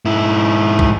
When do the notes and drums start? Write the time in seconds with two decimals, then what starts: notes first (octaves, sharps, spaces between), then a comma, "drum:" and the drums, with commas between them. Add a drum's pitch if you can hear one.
0.05 G#2 E4
0.79 drum: kick